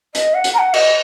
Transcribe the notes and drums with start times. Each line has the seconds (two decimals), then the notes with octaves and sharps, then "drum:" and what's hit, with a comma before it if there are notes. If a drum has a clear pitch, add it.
0.15 D#5, drum: hi-hat
0.34 F#5
0.44 drum: hi-hat
0.54 A#5
0.59 F#5
0.74 D#5, drum: cymbal